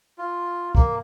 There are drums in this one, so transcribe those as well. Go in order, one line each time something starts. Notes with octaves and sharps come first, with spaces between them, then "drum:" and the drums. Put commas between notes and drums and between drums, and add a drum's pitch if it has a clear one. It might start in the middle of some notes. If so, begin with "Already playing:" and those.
F4
A#3, drum: kick